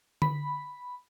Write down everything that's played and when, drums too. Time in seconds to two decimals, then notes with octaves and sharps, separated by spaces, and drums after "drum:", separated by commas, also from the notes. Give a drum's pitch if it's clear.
0.22 B5, drum: tom D3